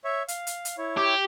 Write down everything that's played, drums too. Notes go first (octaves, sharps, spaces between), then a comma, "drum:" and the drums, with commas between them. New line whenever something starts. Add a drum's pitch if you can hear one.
C#5 E5
F5, drum: hi-hat
drum: hi-hat
drum: hi-hat
E4 C#5
G4